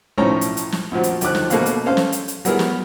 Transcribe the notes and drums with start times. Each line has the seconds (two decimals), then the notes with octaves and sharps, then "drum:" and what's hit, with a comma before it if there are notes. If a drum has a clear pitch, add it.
0.18 B1 A2 F3 C#4 C#5 A#5
0.41 drum: hi-hat
0.57 drum: hi-hat
0.72 drum: snare
0.92 F#2 A#2 F3 F#4
1.04 drum: hi-hat
1.21 D#2 D3 F3 D6 F#6, drum: hi-hat
1.35 drum: snare
1.50 B2 A3 A#3 C4 F5 F#6, drum: hi-hat
1.66 drum: hi-hat
1.86 C#4 A4 C5 F5
1.97 drum: snare
2.12 drum: hi-hat
2.28 drum: hi-hat
2.45 F#3 G3 B3 E4 G#4 A#4, drum: hi-hat
2.59 drum: snare